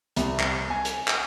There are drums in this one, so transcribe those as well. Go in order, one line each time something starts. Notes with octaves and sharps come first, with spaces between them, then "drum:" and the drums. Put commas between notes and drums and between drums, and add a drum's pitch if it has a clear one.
C2, drum: hi-hat
drum: clap
G#5
drum: hi-hat
drum: clap